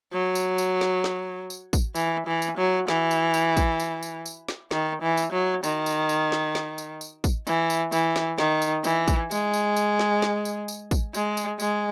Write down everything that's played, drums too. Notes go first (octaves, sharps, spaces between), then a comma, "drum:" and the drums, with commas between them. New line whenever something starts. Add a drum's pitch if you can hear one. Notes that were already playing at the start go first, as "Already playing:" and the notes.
F#3
drum: tambourine
drum: tambourine
drum: snare
drum: snare
drum: tambourine
drum: kick, tambourine
E3, drum: tambourine
E3
drum: tambourine
F#3
E3, drum: snare
drum: tambourine
drum: tambourine
drum: kick, tambourine
drum: tambourine
drum: tambourine
drum: tambourine
drum: snare
D#3, drum: snare
E3
drum: tambourine
F#3
D#3, drum: tambourine
drum: tambourine
drum: tambourine
drum: snare
drum: snare
drum: tambourine
drum: tambourine
drum: kick, tambourine
E3, drum: tambourine
drum: tambourine
E3, drum: tambourine
drum: snare
D#3, drum: snare
drum: tambourine
E3, drum: tambourine
drum: kick, tambourine
G#3, drum: tambourine
drum: tambourine
drum: tambourine
drum: snare
drum: snare
drum: tambourine
drum: tambourine
drum: kick, tambourine
G#3, drum: tambourine
drum: tambourine
G#3, drum: tambourine